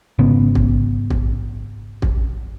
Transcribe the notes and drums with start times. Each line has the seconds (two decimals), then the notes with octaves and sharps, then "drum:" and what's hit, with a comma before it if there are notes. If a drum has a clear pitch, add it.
0.19 G#1 C#3 B3
0.55 drum: kick
1.10 drum: kick
2.02 drum: kick